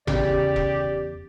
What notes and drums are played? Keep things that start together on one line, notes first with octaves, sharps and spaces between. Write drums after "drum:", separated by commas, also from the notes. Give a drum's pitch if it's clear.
E2 C#3 G4 D5, drum: tom G#1
drum: kick E1